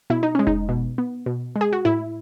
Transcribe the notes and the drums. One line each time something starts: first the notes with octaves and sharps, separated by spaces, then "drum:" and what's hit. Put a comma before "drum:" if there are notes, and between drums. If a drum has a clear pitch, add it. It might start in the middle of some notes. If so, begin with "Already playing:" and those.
B2 E4
D#4
G#3 C#4
D#4, drum: kick F1
B2
B3
B2
G#3
G#4
F#4
A2 E4